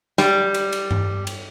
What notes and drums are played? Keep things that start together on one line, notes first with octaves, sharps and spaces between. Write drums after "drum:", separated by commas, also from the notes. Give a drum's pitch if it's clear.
G3, drum: snare
drum: cymbal
drum: cymbal
drum: tom G2
drum: cymbal